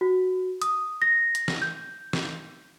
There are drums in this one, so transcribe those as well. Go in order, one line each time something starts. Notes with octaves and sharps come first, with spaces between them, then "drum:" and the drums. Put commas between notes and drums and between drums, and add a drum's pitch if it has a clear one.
F#4
D#6, drum: hi-hat
A#6
drum: hi-hat
drum: snare
G6
drum: snare